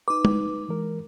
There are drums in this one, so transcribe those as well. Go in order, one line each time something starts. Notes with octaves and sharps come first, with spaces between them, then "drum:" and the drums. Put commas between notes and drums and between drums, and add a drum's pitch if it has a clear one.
D#4 B4 D6
drum: tom
E3 G#3 A#4